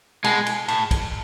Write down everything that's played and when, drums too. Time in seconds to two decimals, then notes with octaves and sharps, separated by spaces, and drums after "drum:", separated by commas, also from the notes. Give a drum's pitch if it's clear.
0.24 B2 G#3, drum: cymbal
0.46 drum: cymbal
0.68 A2, drum: cymbal
0.91 drum: kick, cymbal